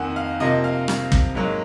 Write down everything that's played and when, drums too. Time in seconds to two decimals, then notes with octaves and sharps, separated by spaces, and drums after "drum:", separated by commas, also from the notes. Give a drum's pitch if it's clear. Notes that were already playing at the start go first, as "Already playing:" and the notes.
Already playing: F2 D#3 A#3 F#5 G#5
0.16 F5
0.40 C3 F3 A#3 D#5
0.64 F5
0.88 F5, drum: rim click
1.12 drum: kick
1.35 G#2 F#3 A#3